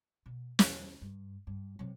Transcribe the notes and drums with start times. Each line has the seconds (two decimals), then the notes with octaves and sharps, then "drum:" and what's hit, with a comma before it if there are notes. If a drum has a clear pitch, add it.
0.26 B2
0.59 E2 F3, drum: snare
1.01 G2
1.47 G2
1.79 C3 F#3